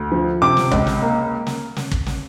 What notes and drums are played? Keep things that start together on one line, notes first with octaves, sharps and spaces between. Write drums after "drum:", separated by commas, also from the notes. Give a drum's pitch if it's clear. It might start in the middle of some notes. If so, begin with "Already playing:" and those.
Already playing: D2
F3
C3 D6
drum: snare
C#2, drum: kick
drum: snare
A#3
drum: snare
drum: snare
drum: kick
drum: snare